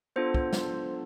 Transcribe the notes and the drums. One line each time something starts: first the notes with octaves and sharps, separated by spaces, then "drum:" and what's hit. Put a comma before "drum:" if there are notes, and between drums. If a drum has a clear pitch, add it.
B3 D4 F4 A4 C5
drum: kick
drum: snare